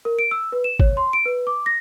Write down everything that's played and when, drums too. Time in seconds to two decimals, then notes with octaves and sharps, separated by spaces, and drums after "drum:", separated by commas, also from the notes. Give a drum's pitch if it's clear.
0.05 A#4
0.19 D7
0.31 E6
0.52 B4
0.64 E7
0.80 C#5, drum: kick G#1
0.97 C6
1.13 D7
1.26 B4
1.47 D6
1.66 A#6